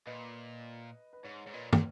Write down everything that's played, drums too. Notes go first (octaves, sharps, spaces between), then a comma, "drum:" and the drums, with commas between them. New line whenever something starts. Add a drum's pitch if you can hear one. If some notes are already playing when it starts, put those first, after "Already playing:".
A#2 B4 D#5
B4
G#2 C#5
G#2 C#5
A#2 B4 D#5
A#2, drum: tom